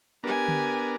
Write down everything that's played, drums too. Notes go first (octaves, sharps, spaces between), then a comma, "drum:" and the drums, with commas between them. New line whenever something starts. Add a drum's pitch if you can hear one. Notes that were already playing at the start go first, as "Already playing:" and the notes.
B3 D4 G4 A#4 G#5
drum: tom D3